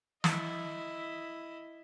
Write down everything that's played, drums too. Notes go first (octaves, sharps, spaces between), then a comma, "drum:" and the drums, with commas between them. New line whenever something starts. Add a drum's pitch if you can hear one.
E4 D#5, drum: snare